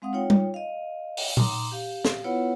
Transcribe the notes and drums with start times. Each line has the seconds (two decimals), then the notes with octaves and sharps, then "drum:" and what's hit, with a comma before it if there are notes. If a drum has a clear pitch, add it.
0.02 G#3 C4 F5 F#5 D#6
0.13 D#4 F4 C#5 G5
0.30 drum: tom G3
0.54 D#5 F5
1.17 drum: open hi-hat
1.37 D#4 A#5 C6 D6 D#6, drum: tom A#2
1.72 G4 F5
2.05 drum: snare
2.24 B3 E4 F4 B4 C#5 F#5